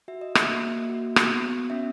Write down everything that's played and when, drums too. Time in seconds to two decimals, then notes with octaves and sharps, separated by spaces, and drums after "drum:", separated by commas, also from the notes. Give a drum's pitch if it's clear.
0.08 F#4 E5
0.21 D#5
0.35 E5, drum: rim click
0.49 A#3
0.89 F#4
1.16 drum: rim click
1.30 B3
1.70 C#4 E5